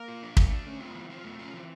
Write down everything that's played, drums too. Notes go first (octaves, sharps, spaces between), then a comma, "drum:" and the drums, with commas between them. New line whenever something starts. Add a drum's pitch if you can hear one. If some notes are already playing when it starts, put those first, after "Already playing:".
Already playing: A#3 A#4
F4
D4
A3 A#3, drum: kick
D4
A3 C#4
C4 F4
E3 B3
C4 F4
A3 B3
C4
C#4 F4
E3 C4